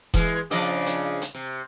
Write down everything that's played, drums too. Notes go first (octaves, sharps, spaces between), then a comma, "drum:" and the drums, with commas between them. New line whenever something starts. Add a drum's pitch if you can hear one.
E3 G#3, drum: kick E1, hi-hat
C#3 F3 D4 D5 D#5, drum: hi-hat
drum: hi-hat
drum: hi-hat
C3